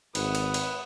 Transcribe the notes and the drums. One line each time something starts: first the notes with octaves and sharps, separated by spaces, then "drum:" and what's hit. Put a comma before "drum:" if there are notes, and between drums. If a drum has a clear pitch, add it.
G#1 B4 F#5 D#6, drum: cymbal
drum: cymbal
drum: cymbal